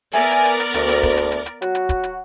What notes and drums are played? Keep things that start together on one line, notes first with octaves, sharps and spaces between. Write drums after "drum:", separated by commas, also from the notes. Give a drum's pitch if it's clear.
B3 A#4 D5 E5 G#5
drum: hi-hat
drum: hi-hat
drum: hi-hat
D2, drum: hi-hat
drum: hi-hat
drum: kick, hi-hat
drum: hi-hat
drum: hi-hat
drum: hi-hat
F#3 F#4, drum: hi-hat
drum: hi-hat
drum: kick, hi-hat
drum: hi-hat